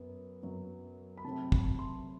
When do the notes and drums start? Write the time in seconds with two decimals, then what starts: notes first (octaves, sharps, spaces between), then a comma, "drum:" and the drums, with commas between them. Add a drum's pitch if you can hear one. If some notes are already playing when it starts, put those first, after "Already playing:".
Already playing: F#2 F#3 B3
0.42 F#2 F#3 B3
1.17 B5
1.24 C3 F#3 A3 C4 A5
1.52 B5, drum: kick
1.79 C6